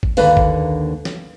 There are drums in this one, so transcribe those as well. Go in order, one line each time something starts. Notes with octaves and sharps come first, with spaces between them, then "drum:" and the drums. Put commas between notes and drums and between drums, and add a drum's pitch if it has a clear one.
drum: kick G#1
D#2 D3 A#3 B4 D5 F5, drum: open hi-hat
drum: kick G#1
drum: snare